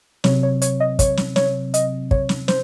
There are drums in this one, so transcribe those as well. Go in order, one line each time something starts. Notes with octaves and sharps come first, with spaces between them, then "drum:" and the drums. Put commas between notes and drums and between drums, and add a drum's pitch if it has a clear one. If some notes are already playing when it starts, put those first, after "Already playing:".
C3 F#3 C4 C#5, drum: snare
C#5
C#5, drum: hi-hat
D#5
C#5, drum: kick, hi-hat
drum: snare
C#5, drum: snare
D#5, drum: hi-hat
C#5, drum: kick
drum: snare
C5, drum: snare